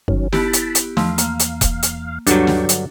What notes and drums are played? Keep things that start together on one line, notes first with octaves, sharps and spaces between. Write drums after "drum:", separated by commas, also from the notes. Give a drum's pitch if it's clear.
G1 D#3 F#3 C#4
B3 E4 G4 A5 B5, drum: snare
drum: hi-hat
drum: hi-hat
E2 F3 A3 F5, drum: snare
A#3, drum: hi-hat
drum: hi-hat
drum: kick E1, hi-hat
drum: hi-hat
D2 G2 D3 F#3 D4 F#4 G5 C#6, drum: hi-hat
drum: snare
drum: hi-hat